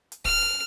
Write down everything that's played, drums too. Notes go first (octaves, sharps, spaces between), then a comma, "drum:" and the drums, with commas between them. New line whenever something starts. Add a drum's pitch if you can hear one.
drum: hi-hat
F6, drum: kick